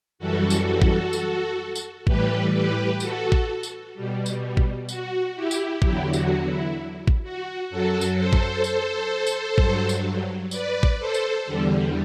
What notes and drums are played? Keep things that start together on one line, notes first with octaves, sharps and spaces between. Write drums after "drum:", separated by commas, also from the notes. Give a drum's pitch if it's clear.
F#2 E3 G3 F#4 A4
drum: tambourine
drum: kick A1
drum: tambourine
drum: tambourine
A2 E3 G3 G4 B4, drum: kick A1
G4 B4
F#4 A4, drum: tambourine
drum: kick A1
drum: tambourine
B2 G3
drum: tambourine
drum: kick A1
F#4, drum: tambourine
E4 G4
drum: tambourine
E2 D3 F#3 E4 G4, drum: kick A1
F#4, drum: tambourine
E4
drum: kick A1
F#4
F#2 F#3 F#4 A4
drum: tambourine
A4 C5
drum: kick A1
drum: tambourine
drum: tambourine
G2 F#3, drum: kick A1
drum: tambourine
B4 D5, drum: tambourine
drum: kick A1
A4 C5
drum: tambourine
E2 D3 G3